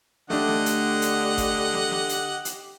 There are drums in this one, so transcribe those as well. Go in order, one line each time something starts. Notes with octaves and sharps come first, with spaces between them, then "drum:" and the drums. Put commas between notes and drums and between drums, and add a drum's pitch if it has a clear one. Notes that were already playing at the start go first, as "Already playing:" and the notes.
D3 A3 D4 G4 D#5 F#5, drum: snare
drum: snare
drum: hi-hat
drum: hi-hat
drum: kick G1, hi-hat
drum: snare
drum: snare
drum: hi-hat
drum: hi-hat